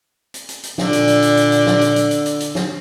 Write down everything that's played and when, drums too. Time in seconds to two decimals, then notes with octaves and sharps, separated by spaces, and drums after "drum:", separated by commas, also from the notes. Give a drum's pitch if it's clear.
0.34 drum: hi-hat
0.49 drum: hi-hat
0.63 drum: hi-hat
0.78 A#2 D3, drum: snare
0.93 drum: hi-hat
1.08 drum: hi-hat
1.22 drum: hi-hat
1.37 drum: hi-hat
1.52 drum: hi-hat
1.67 drum: snare
1.81 drum: hi-hat
1.96 drum: hi-hat
2.11 drum: hi-hat
2.26 drum: hi-hat
2.40 drum: hi-hat
2.55 drum: snare